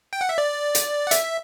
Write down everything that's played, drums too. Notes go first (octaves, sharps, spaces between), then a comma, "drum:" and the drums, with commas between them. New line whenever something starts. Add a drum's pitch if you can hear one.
G5
F#5
E5
D5
drum: hi-hat
F#5
E5, drum: hi-hat